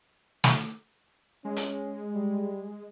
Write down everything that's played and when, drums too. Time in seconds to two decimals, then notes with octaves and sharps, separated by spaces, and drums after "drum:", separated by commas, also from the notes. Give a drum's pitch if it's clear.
0.44 drum: snare
1.45 G#3 C#4
1.56 drum: hi-hat
2.14 G3